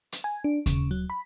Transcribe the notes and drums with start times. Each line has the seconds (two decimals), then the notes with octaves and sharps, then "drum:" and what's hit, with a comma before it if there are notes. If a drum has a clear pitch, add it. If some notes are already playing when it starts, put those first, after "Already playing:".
0.12 drum: hi-hat
0.24 G#5
0.44 D4
0.66 C#3, drum: kick D#2, hi-hat
0.91 F#3
1.10 B5